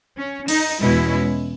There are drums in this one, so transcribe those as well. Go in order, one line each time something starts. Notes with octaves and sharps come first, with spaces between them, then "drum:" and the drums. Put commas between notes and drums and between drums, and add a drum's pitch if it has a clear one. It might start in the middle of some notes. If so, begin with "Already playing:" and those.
C#4
D#4, drum: open hi-hat
E2 B2 G#3 C#4 E4